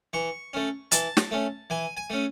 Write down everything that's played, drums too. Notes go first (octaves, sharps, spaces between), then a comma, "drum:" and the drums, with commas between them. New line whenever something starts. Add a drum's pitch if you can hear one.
E3 C#6
A3 C#4
E3 A5, drum: hi-hat
drum: snare
A3 C#4
E3 G#5
G#5
A3 C#4